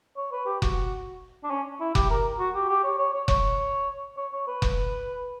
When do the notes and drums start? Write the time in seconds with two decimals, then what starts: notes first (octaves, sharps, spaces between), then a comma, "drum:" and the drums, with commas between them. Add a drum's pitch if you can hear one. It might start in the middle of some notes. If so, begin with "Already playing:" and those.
0.17 C#5
0.32 B4
0.46 G4
0.62 F#4, drum: kick F1
1.44 D4
1.51 C#4
1.81 E4
1.95 G4, drum: kick F1
2.10 A#4
2.39 F#4
2.55 G4
2.69 G4
2.84 C#5
2.99 C#5
3.14 C#5
3.28 C#5, drum: kick F1
4.17 C#5
4.33 C#5
4.47 B4
4.62 drum: kick F1